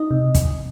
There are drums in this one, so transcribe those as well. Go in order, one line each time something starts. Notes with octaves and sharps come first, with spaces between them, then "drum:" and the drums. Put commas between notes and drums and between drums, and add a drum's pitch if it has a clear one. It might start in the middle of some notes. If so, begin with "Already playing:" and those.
Already playing: D#4 D#5
C3
drum: kick, hi-hat